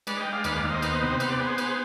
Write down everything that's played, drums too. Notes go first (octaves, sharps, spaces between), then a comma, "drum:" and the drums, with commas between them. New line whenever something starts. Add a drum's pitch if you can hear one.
G#3 B4 D5, drum: cymbal
D#5 G5
G#3
D5 F5
D#2 B4 D5, drum: cymbal
D5 F5
D#2
C5 D#5
B3, drum: cymbal
C3
B3 C5, drum: cymbal
D5
B3 G#4 C5
B3, drum: cymbal